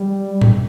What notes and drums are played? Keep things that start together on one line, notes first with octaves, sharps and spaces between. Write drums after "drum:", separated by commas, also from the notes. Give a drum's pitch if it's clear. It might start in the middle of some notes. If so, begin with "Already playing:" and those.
Already playing: G3
drum: tom A2